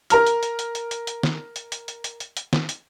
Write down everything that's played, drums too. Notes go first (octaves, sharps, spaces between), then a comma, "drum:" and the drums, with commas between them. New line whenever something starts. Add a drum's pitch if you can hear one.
A#4 A#5 F6, drum: hi-hat
drum: hi-hat
drum: hi-hat
drum: hi-hat
drum: hi-hat
drum: hi-hat
drum: hi-hat
drum: snare
drum: hi-hat
drum: hi-hat
drum: hi-hat
drum: hi-hat
drum: hi-hat
drum: hi-hat
drum: snare
drum: hi-hat